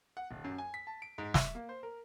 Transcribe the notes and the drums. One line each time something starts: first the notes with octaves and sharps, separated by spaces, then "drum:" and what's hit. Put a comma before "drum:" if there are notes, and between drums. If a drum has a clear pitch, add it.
F#5
D#1
F#2
G#5
B6
A5
D7
G#2
E5, drum: snare
A#3
C5
A#4